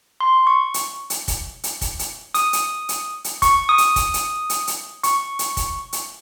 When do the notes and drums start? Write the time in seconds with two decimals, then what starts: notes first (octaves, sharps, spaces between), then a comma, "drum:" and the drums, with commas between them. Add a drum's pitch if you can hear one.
0.20 C6
0.47 C#6
0.74 drum: hi-hat
1.10 drum: hi-hat
1.28 drum: kick, hi-hat
1.64 drum: hi-hat
1.81 drum: kick, hi-hat
1.99 drum: hi-hat
2.34 D#6, drum: hi-hat
2.53 drum: hi-hat
2.89 drum: hi-hat
3.24 drum: hi-hat
3.42 C#6, drum: kick, hi-hat
3.69 D#6
3.78 drum: hi-hat
3.96 drum: kick, hi-hat
4.14 drum: hi-hat
4.50 drum: hi-hat
4.67 drum: hi-hat
5.04 C#6, drum: hi-hat
5.39 drum: hi-hat
5.57 drum: kick, hi-hat
5.93 drum: hi-hat